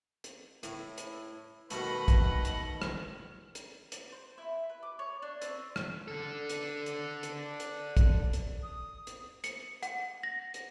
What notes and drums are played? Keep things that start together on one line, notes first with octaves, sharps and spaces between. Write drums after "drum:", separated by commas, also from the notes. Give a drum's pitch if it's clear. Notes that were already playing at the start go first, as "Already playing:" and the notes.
drum: hi-hat
A2 E4, drum: hi-hat
drum: hi-hat
B2 D#3 A3 B4 D#5 F#5 B5, drum: hi-hat
drum: kick, hi-hat
drum: hi-hat
drum: rim click
drum: hi-hat
drum: hi-hat
C5
E4
B4
D6
C#5
D4
C4, drum: hi-hat
drum: rim click
D4 A4
drum: hi-hat
drum: hi-hat
drum: hi-hat
drum: hi-hat
drum: kick, hi-hat
drum: hi-hat
D#6
drum: hi-hat
C#7, drum: hi-hat
F#5, drum: hi-hat
A#6
drum: hi-hat